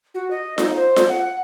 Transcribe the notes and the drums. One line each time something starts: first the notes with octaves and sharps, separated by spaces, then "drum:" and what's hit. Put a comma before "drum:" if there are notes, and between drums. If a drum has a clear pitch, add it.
F#4
D#5
D#4, drum: snare F4
C5
drum: snare F4
F#5